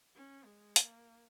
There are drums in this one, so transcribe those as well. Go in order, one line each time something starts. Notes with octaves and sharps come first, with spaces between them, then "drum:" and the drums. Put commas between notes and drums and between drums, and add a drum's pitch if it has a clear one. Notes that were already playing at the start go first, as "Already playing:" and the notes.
C#4
G#3
A#3, drum: hi-hat